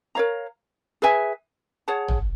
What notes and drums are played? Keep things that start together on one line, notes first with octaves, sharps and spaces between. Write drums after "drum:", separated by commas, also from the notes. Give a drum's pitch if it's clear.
A#4 C#5 F5 A#5
G#4 B4 E5 G#5
G#4 C#5 F#5 A5
drum: tom